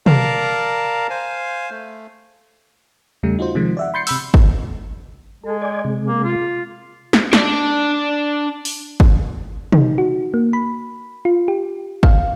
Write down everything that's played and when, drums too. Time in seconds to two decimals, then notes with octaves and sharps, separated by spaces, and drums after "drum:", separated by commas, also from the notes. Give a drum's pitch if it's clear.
0.06 A#4 D5 F5 A5 A#5, drum: tom
1.10 C5 F5 G#5
1.71 A3
3.23 E2 C#3 G3 A3
3.39 D#4 F4 F#4 C5
3.55 C3 D#3 F3 G#3
3.77 D5 E5 F#5
3.94 B5 C6 G6 A6 C7 C#7
4.07 C3 B5 E6, drum: open hi-hat
4.34 drum: kick
5.43 G#3 A4
5.62 D5 G#5
5.84 C3 G#3
6.07 A#3
6.24 F4
7.13 drum: snare
7.33 D4 D5, drum: snare
8.65 drum: open hi-hat
9.00 drum: kick
9.72 D#4, drum: tom
9.98 F#4
10.34 A#3
10.53 B5
11.25 F4
11.48 G4
12.03 F5, drum: kick